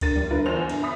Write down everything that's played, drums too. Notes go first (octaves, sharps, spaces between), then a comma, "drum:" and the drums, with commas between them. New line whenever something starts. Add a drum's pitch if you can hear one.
D3 A#4 A6 D#7, drum: kick C#2, cymbal
G3
D3 F4 A#4 B4
E2 G#2 C5 A#6 F7
D3, drum: cymbal
E5 B5 D#6 B6